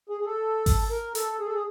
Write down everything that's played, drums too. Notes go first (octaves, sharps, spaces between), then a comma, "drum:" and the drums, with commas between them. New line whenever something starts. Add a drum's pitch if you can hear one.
G#4
G#4
A4
drum: kick G#1, open hi-hat
A#4
A4, drum: hi-hat
G#4
A4
G#4